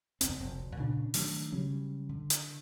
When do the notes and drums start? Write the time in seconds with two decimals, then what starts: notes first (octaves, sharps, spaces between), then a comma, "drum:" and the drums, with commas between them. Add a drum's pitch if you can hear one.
0.21 F#1 E2 C4, drum: hi-hat
0.40 F1 D2
0.77 A#2 C#3 D4
1.14 D#3 F#3 A3 D4, drum: open hi-hat
1.52 C#3 F#3 G3 C#4
2.09 D3
2.30 drum: hi-hat